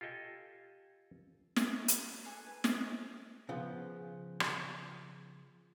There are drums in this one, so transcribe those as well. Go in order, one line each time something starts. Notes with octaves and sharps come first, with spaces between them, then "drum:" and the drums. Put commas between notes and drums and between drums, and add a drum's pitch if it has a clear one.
F4 G4 A4 D#5 G#5
drum: snare
B3 D4, drum: hi-hat
C#5
D4 G#4 A4 G#5
B4
D4 G4 C5 D#5, drum: snare
C#3 F3 B3
drum: rim click